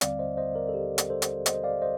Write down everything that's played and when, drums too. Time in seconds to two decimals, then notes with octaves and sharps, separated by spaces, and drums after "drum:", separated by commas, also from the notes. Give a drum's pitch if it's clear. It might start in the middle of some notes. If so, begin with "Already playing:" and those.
0.01 D#2 D3 G3 C4 D5 F5, drum: hi-hat
0.19 C5 D#5
0.37 C5 D#5
0.55 A#4 D5
0.69 A4
0.74 G4
0.98 drum: hi-hat
1.10 A4 C5
1.22 drum: hi-hat
1.46 C5 D#5, drum: hi-hat
1.64 D5 F5
1.82 C5 D#5